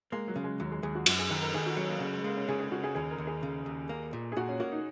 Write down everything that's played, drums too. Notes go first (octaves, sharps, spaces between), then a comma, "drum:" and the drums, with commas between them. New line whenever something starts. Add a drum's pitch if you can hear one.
G#3 A#3
F#3
C#3
G#3
D#2 F#3
G#3
D#2 G#4
F#4
F#2 F#4, drum: cymbal
G#4
D#3 G#4
A#4
D#3 G#4
F#4
F#3 C#4
A#3
C#3
G#3
G#3 A#3
C#4
C#3 G#4
G#4
C#3 F#4
G#4
D#2 G#4
A#4
D#2
G#4
C#3
D#2
A#3
A#2
G#4
A#2 F#4
C#4
A#3 F#4
D#4